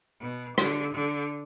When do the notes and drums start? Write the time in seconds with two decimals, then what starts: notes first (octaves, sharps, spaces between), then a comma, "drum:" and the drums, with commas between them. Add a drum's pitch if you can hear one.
0.21 B2
0.58 D3, drum: rim click
0.95 D3